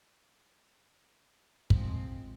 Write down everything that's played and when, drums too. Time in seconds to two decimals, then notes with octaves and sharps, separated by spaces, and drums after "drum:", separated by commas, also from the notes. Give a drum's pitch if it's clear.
1.70 F3 G#3 C4, drum: kick